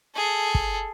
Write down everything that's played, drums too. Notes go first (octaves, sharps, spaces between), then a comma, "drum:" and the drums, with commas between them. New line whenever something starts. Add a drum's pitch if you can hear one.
G#4 A4
drum: kick